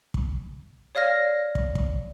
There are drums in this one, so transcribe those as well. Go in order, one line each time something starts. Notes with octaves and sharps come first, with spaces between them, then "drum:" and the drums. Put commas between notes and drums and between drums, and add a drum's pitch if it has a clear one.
drum: kick
C#5 D5 F5 F6 A#6
drum: kick
drum: kick